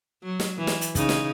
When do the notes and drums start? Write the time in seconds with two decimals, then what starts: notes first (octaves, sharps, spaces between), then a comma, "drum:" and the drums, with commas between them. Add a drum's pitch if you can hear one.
0.23 F#3
0.40 drum: snare
0.58 E3
0.67 drum: snare
0.81 drum: hi-hat
0.95 C#3 D#4, drum: kick, hi-hat
1.09 drum: snare